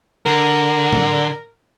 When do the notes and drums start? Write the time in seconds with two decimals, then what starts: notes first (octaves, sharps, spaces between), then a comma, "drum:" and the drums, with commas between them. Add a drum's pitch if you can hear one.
0.26 D3 A#4
0.93 drum: tom A2